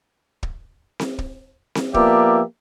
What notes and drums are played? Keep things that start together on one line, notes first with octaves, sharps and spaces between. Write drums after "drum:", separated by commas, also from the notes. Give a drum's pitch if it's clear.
drum: kick
drum: snare C4
drum: kick
drum: snare C4
F3 A#3 B3 G4 D5 E5, drum: kick